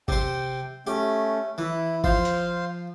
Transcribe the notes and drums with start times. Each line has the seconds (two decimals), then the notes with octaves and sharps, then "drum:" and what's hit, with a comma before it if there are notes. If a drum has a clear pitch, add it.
0.08 C3 C5 G5, drum: kick G1
0.87 A3 C#4 G4
1.58 E3 E4
2.04 F3 C5 F5 C6, drum: kick G1
2.25 drum: hi-hat